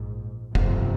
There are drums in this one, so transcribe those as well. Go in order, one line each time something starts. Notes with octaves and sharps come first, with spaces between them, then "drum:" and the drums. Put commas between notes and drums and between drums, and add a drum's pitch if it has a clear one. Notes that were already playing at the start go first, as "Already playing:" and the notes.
Already playing: A#1 G#2
G1 F2 C3, drum: kick